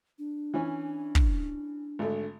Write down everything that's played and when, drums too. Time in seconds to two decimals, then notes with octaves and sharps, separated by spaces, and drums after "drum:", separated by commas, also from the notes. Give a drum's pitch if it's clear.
0.19 D4
0.54 E3 C#4
1.15 drum: kick
1.99 G#1 D3 A3